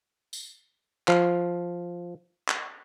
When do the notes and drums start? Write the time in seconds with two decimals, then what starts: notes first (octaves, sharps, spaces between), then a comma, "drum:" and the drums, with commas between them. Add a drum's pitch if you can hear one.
0.33 drum: tambourine
1.08 F3 F5, drum: clap
2.48 drum: clap